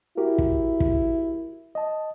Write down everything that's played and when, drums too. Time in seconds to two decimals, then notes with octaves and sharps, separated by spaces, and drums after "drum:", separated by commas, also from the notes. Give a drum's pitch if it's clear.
0.17 E4 F#4 G4 A#4
0.38 drum: kick
0.80 drum: kick
1.75 D#5 A5